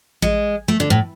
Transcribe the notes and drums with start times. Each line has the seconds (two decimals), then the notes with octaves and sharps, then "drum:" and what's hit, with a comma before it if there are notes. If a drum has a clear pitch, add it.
0.22 G#3, drum: kick A1
0.68 A3
0.80 D3
0.90 A2